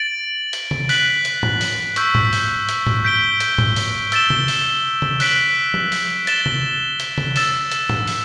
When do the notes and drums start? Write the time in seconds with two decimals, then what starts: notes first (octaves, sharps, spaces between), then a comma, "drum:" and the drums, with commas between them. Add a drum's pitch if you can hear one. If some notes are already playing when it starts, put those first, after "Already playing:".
Already playing: A6 D7 F#7
0.53 drum: hi-hat
0.71 drum: tom C3
0.89 F#6 B6 F#7, drum: open hi-hat
1.25 drum: hi-hat
1.43 drum: tom G#2
1.61 drum: open hi-hat
1.96 C#6 E6 G6 B6, drum: hi-hat
2.15 drum: tom G#2
2.33 drum: open hi-hat
2.69 drum: hi-hat
2.87 drum: tom G#2
3.04 G6 B6 D7 G7
3.40 drum: hi-hat
3.58 drum: tom G#2
3.76 drum: open hi-hat
4.12 E6 A6 E7 G7, drum: hi-hat
4.30 drum: tom C3
4.48 drum: open hi-hat
5.02 drum: tom C3
5.20 F#6 B6 D7 F#7, drum: open hi-hat
5.74 drum: tom F3
5.92 drum: open hi-hat
6.27 A6 E7 G7, drum: hi-hat
6.46 drum: tom C3
7.00 drum: hi-hat
7.18 drum: tom C3
7.36 E6 A6 E7, drum: open hi-hat
7.72 drum: hi-hat
7.89 drum: tom G#2
8.07 drum: open hi-hat